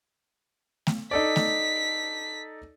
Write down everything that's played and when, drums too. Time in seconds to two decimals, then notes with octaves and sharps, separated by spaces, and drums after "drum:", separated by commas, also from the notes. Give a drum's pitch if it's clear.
0.87 drum: snare A3
1.11 D#4 A4 D5 B6
1.36 drum: snare A3